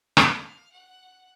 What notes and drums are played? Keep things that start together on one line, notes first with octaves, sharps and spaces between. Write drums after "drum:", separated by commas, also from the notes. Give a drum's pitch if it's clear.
F5, drum: rim click
F#5